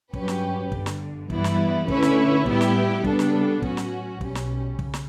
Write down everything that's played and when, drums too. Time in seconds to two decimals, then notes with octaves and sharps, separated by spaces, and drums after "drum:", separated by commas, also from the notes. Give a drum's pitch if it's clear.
0.13 G2 F#3 C#4 G4 B4, drum: kick
0.28 drum: snare
0.72 G1 G2 D3, drum: kick
0.86 drum: snare
1.30 G2 E3 G3 B3 E4, drum: kick
1.44 drum: snare
1.88 D3 A3 C#4 E4 B4, drum: kick
2.02 drum: snare
2.46 A2 G3 B3 E4 G4, drum: kick
2.61 drum: snare
3.04 C#3 G3 B3 D4 A4, drum: kick
3.19 drum: snare
3.62 A2 F#3 C#4 F#4, drum: kick
3.77 drum: snare
4.21 B1 B2 G3 C#4, drum: kick
4.35 drum: snare
4.79 C#3, drum: kick
4.94 drum: snare